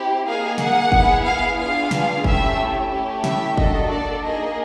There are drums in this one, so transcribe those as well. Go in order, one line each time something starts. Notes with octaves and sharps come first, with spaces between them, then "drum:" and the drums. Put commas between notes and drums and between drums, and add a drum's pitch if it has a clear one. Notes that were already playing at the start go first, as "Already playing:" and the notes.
Already playing: C4 E4 G4
A#3 D#4 G#4 F5
F#5, drum: snare
B3 E4 G#4, drum: kick
F5
B3 D4 F4 G#4 F5
drum: snare
A3 C#4 E4 G4 E5, drum: kick
A3 C#4 E4 G4
E5, drum: snare
A#3 D4 F#4 A4 D#5, drum: kick
D5
A#3 D#4 G#4 D#5